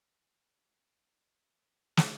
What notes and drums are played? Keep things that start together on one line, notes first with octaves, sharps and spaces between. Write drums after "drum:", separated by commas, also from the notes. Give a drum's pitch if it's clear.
F#1 F#2 D3 F#3
E3
drum: snare